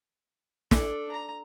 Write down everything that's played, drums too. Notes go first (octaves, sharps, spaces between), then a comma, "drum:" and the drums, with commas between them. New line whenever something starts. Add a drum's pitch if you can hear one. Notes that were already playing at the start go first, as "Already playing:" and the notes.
D4 A4, drum: snare
A#5